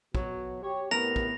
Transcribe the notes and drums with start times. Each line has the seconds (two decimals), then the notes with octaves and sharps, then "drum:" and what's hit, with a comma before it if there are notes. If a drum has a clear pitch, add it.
0.15 B2 F#3, drum: kick
0.62 G4 C#5
0.91 A2 C3 B3 A#4 A#6 F7
1.16 drum: kick